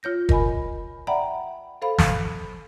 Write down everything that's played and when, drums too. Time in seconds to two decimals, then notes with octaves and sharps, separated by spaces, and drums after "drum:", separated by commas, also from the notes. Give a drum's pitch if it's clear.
0.03 F4 C#5 G6 A#6
0.29 A#4 D#5 G#5 B5, drum: kick
1.07 D5 E5 F#5 G5 A#5 B5
1.82 A4 C5 F5 B5
1.98 drum: snare